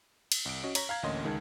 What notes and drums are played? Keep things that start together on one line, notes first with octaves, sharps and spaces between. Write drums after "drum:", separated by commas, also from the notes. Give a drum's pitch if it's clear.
drum: cymbal
C2 D7
C#4 F#4 D#5
C#5 A#5 C#6 A#6 B6, drum: cymbal
F5 A#5 G#6
A1 D2 A#3 C#4 D#5 C6
C#2 D#3 G#3 A5 G#6